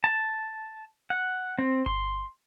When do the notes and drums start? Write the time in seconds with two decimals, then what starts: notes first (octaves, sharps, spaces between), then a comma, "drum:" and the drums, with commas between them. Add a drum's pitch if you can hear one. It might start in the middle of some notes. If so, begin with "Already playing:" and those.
0.04 A5
1.10 F#5
1.59 C4
1.86 C6, drum: kick G1